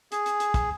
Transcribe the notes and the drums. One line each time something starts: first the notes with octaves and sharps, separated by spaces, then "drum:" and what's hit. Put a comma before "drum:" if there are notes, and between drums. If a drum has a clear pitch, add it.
G#4, drum: hi-hat
drum: hi-hat
drum: hi-hat
drum: kick, hi-hat